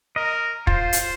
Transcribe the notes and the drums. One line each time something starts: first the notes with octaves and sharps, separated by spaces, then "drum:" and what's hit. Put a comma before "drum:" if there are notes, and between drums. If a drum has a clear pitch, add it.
A#4 D#5
F4 C5, drum: kick
drum: hi-hat